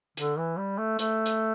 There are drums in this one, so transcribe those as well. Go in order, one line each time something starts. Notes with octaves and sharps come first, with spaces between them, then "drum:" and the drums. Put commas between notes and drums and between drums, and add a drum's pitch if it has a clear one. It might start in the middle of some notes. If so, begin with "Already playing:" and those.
D3, drum: hi-hat
E3
G3
A3
A3, drum: hi-hat
drum: hi-hat